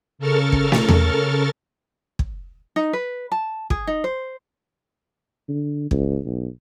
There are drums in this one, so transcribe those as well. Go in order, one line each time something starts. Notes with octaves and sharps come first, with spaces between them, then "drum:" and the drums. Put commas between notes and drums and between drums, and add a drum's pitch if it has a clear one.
C#3 A4 A#4 C#6 F6 A6
drum: kick
drum: snare
drum: tom E2
drum: kick
D#4
B4
A5
G#4, drum: kick
D#4
C5
D3
C#2, drum: kick
B1